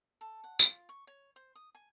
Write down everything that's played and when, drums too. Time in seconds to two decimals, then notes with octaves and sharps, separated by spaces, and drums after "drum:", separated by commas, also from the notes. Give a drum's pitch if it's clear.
0.21 A4
0.44 F#5
0.59 F4, drum: tambourine
0.89 C#6
1.07 C#5
1.36 C5
1.55 D#6
1.75 G#5